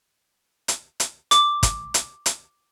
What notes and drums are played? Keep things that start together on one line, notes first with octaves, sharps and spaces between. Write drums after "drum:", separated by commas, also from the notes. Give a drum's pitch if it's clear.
drum: hi-hat
drum: hi-hat
D6, drum: hi-hat
drum: kick, hi-hat
drum: hi-hat
drum: hi-hat